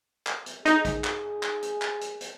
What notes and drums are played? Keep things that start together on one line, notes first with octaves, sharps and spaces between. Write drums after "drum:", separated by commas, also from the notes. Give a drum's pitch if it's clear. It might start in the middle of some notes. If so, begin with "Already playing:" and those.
drum: clap
drum: hi-hat
D#4 G#4, drum: hi-hat
drum: kick, hi-hat
drum: clap
drum: clap
drum: hi-hat
drum: clap
drum: hi-hat
drum: hi-hat